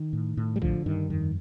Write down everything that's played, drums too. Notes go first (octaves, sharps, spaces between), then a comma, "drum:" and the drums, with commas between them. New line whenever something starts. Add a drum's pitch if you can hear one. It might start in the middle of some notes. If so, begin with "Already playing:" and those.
Already playing: D#3
A2
A2
G3
D3 F3, drum: kick
G2 D#3
F2 D#3